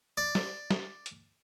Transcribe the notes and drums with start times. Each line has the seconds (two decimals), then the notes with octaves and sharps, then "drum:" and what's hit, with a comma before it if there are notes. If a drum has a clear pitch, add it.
0.17 D5
0.35 drum: snare
0.71 drum: snare
1.06 drum: hi-hat